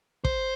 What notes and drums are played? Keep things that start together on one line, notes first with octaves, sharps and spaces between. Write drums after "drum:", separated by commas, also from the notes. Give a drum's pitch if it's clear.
C5, drum: kick